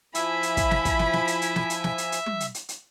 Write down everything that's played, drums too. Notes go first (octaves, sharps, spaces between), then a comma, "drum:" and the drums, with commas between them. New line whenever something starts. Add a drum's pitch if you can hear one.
F3 E4 E5 G#5 B5 E6, drum: hi-hat
drum: hi-hat
drum: kick, hi-hat
drum: snare
drum: kick, hi-hat
drum: snare
drum: snare
drum: hi-hat
drum: hi-hat
drum: snare
drum: hi-hat
drum: snare
drum: hi-hat
drum: hi-hat
drum: tom
drum: hi-hat
drum: hi-hat
drum: hi-hat